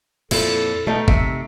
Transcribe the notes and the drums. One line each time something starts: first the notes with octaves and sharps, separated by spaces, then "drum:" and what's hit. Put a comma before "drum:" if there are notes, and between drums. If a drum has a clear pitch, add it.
F2 A#2 E4 A4, drum: cymbal
B2 A3 D#4
C3 E5, drum: kick